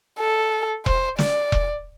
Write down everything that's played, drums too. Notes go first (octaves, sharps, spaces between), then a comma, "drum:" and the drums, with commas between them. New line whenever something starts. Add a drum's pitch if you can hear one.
A4
C5, drum: kick E1
D5, drum: snare
drum: kick E1